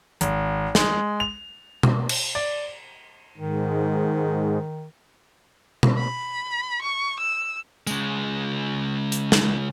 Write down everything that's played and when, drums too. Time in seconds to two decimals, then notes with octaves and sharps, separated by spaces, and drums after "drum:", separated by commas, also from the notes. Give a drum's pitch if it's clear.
0.21 G#1, drum: hi-hat
0.75 G#3, drum: snare
1.20 F7
1.83 drum: tom B2
2.09 drum: cymbal
2.35 D5
3.38 G#2 D#3
5.83 drum: tom B2
5.98 B5
6.82 C#6
7.20 E6
7.87 C#3 G#3, drum: tambourine
9.12 drum: hi-hat
9.32 drum: snare